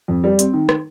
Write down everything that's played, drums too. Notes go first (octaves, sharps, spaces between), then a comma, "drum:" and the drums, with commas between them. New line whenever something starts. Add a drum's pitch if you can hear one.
F2
G3
C4, drum: hi-hat
D#3
drum: rim click